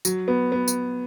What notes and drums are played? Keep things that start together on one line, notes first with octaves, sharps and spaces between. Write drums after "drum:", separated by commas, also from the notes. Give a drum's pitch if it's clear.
F#3, drum: tambourine
B3
B3
drum: tambourine